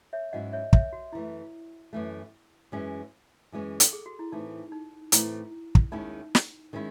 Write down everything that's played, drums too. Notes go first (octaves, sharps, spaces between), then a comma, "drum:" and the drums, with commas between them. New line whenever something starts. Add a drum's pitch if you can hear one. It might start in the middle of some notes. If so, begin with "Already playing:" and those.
C#5 E5
G#2 F#3 C#4 E4 D#5 F#5
C#5 E5
C#5 E5, drum: kick
F#4
F#2 E3 A3 E4
F#2 E3 A3
F#2 E3 G#3 C#4
F#2 E3 G#3 C#4
A4, drum: hi-hat
G#4
F#4
E4
A2 E3 A3 C4 D#4
D#4
A2 E3 A3 C4 E4, drum: hi-hat
drum: kick
D#2 D#3 G#3 C#4 D#4 E4
drum: snare
D#3 G#3 C#4 E4